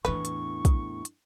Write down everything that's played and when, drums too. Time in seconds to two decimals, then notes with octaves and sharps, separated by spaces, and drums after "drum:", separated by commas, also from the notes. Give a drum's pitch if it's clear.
0.05 E2 A2 D4 E4 B4 C#6
0.25 drum: hi-hat
0.65 drum: kick, hi-hat
1.05 drum: hi-hat